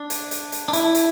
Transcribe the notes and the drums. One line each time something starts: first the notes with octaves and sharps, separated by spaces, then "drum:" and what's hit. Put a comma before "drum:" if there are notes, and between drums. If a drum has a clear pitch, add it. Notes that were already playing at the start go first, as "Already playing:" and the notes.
Already playing: D4
drum: hi-hat
drum: hi-hat
drum: hi-hat
D4
E4, drum: hi-hat
drum: hi-hat